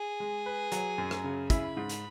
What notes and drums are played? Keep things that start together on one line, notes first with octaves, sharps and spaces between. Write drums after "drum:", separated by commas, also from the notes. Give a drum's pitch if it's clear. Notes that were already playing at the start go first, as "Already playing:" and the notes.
Already playing: G#4
G#3
B4
F#3, drum: hi-hat
F#2
drum: rim click
C#3
E4 B5, drum: kick, hi-hat
G#2
drum: hi-hat